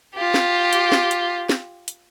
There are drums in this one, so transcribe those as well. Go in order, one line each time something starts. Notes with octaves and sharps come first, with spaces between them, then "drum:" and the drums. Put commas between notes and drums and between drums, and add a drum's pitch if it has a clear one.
F4 G4
drum: snare
drum: hi-hat
drum: snare
drum: hi-hat
drum: snare
drum: hi-hat